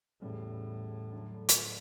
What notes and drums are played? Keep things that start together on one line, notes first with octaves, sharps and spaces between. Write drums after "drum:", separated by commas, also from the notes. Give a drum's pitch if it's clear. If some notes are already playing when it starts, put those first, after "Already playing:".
E2 A2 C#3 G3 C#4
D3 F#3 A3
drum: hi-hat